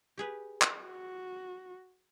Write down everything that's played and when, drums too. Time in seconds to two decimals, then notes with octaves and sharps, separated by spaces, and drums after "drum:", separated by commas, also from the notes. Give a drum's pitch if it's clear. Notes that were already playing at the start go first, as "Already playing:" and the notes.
0.18 G4 G#4 B4
0.62 drum: clap
0.83 F#4